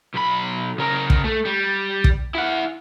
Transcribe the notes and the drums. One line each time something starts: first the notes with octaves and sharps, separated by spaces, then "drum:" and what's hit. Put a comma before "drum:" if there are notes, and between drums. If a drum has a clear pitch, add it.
B1 B5
C#3 A#4
drum: kick
A3
G3
drum: kick
E4 F#5